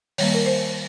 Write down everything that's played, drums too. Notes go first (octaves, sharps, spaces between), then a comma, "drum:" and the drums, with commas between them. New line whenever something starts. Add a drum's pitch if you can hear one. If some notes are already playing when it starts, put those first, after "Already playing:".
D#3 G3 A#3 C#5, drum: open hi-hat
A#4
C5